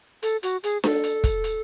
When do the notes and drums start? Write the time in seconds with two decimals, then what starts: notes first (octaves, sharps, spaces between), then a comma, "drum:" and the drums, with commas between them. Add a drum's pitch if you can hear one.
0.22 A4, drum: hi-hat
0.43 F#4, drum: hi-hat
0.63 G#4, drum: hi-hat
0.84 A4, drum: snare D4
1.03 drum: hi-hat
1.24 drum: kick, hi-hat
1.44 drum: hi-hat